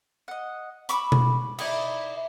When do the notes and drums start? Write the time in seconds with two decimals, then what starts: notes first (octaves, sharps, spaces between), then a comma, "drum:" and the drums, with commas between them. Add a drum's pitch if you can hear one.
0.28 D#5 F#5
0.89 B5 C#6 D6 E6, drum: hi-hat
1.12 drum: tom B2
1.58 D#4 E4 D5, drum: cymbal